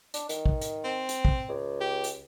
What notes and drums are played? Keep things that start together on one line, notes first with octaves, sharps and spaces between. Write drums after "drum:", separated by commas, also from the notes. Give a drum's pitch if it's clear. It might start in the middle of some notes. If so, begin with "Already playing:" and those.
D4, drum: hi-hat
D#3, drum: hi-hat
drum: kick
drum: hi-hat
C4
drum: hi-hat
drum: kick
C#2
G4
drum: hi-hat